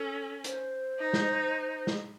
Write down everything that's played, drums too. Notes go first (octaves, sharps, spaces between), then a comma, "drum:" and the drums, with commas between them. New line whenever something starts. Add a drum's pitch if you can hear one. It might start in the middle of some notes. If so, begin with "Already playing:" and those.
Already playing: C#4 A4
C5, drum: hi-hat
D#4
drum: snare
drum: snare